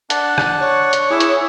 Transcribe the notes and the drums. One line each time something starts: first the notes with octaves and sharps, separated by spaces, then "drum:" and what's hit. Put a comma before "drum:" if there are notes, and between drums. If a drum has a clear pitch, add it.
D4 F#5 A5, drum: hi-hat
drum: rim click
C#5
drum: hi-hat
E4 G#4 D6
drum: hi-hat